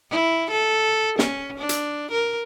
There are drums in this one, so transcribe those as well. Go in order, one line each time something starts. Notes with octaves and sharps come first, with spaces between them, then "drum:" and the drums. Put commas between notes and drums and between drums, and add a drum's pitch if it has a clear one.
E4
A4
C#4, drum: snare
D4
drum: hi-hat
A#4